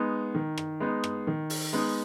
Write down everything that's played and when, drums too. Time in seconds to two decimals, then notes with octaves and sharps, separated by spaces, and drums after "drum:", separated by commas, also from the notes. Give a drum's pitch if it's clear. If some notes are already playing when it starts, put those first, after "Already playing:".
Already playing: G#3 B3 D#4
0.35 D#3
0.58 drum: rim click
0.80 G#3 B3 D#4
1.04 drum: rim click
1.27 D#3
1.50 drum: open hi-hat
1.73 G#3 B3 D#4